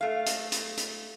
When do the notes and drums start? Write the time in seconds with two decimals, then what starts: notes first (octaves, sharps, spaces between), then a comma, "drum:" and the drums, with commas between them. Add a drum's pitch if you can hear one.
0.01 A3 F5
0.26 drum: hi-hat
0.52 drum: hi-hat
0.77 drum: hi-hat